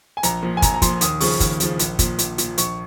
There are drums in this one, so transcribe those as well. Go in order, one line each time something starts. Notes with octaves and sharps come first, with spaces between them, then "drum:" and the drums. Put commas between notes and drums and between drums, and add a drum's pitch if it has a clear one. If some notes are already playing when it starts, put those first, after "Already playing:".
G#5
A#1 A#5, drum: hi-hat
A#2 F3
G#5
A#1 A#5, drum: kick, hi-hat
A#5
A#2 F3 C6, drum: kick, hi-hat
D#2 D#6, drum: hi-hat
C#3 F3 C#6, drum: open hi-hat
D#2, drum: kick, hi-hat
C#3 F3, drum: hi-hat
A#1, drum: hi-hat
A#2 F3, drum: kick, hi-hat
A#1, drum: hi-hat
A#2 F3, drum: hi-hat
A#1 C#6, drum: hi-hat